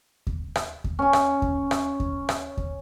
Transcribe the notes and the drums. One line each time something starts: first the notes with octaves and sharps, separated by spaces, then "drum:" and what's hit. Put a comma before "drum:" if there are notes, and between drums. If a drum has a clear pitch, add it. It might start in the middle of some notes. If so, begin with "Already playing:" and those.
drum: kick D#2
drum: rim click
drum: kick D#2
C#4 G#5
drum: rim click
drum: kick D#2
drum: rim click
drum: kick D#2
drum: rim click
drum: kick D#2